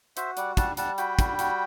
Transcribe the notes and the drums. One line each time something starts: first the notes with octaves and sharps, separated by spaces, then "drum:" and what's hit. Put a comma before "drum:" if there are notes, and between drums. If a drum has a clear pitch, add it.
F#4 C5 E5, drum: hi-hat
G3 D5 F#5, drum: hi-hat
G3 F#5 A5, drum: kick, hi-hat
G3 F#5 A5, drum: hi-hat
F#4 G5 B5, drum: hi-hat
G3, drum: kick, hi-hat
F#4, drum: hi-hat